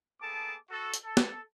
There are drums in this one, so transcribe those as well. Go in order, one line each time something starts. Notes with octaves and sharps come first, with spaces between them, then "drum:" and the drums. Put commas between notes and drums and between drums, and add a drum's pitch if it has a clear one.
A#3 B3 G#4 A4 A5 D6
F#4 A4
drum: hi-hat
A4
drum: snare